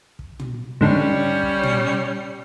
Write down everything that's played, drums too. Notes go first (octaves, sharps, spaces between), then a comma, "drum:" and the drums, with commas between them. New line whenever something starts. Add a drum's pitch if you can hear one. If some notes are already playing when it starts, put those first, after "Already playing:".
drum: kick
drum: tom
G#2 D3 G3 C#4
drum: kick
drum: tom